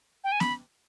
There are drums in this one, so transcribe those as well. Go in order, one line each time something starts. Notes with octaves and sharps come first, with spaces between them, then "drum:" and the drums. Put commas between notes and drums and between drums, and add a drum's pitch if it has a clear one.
G5
G#5
B5, drum: snare B3